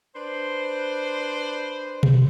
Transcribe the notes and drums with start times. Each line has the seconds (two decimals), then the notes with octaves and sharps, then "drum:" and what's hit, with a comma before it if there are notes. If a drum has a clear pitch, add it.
0.15 D4 B4 C5
2.03 drum: tom B2